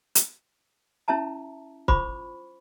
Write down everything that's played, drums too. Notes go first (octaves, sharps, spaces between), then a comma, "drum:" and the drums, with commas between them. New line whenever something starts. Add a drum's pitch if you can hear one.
drum: hi-hat
C#4 E4 E5 A5 A#5
F4 C5 B5 C#6 D6, drum: kick